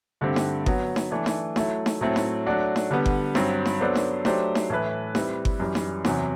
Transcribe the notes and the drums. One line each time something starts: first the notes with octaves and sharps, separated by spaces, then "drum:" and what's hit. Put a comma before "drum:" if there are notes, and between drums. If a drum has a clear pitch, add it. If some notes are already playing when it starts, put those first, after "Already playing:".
G2 D3 A3 C4 G4
drum: snare D#4
F#3 B3 F#4, drum: kick G1
drum: snare D#4
E3 A3 D4
drum: snare D#4
F#3 A3 E4, drum: snare D#4
drum: snare D#4
A2 F#3 A3 C4 E4
drum: snare D#4
F#3 A3 D4 F#4
drum: snare D#4
D3 G3 B3
drum: kick G1
G2 F#3 C4, drum: snare D#4
drum: snare D#4
F#3 B3 D4 A4 C5
drum: snare D#4
F#3 A3 D4 G4 C5, drum: snare D#4
drum: snare D#4
A2 E3 A3 E4 B4
G3 C4 E4 B4, drum: snare D#4
drum: kick G1
F#2 E3 G3
drum: snare D#4
E2 C3 F#3, drum: snare D#4